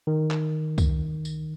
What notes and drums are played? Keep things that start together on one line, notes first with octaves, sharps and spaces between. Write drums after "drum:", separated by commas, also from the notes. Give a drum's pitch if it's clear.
D#3
drum: clap
drum: kick, tambourine
drum: tambourine